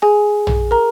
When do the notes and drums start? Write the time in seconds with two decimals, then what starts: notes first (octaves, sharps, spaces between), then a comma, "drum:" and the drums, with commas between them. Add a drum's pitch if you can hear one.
0.02 G#4 G#5
0.47 drum: tom
0.71 A#4 A#5